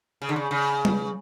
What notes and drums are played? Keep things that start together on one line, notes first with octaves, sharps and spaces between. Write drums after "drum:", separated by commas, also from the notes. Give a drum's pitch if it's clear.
C#3
D3
C#3
C#3
drum: tom G3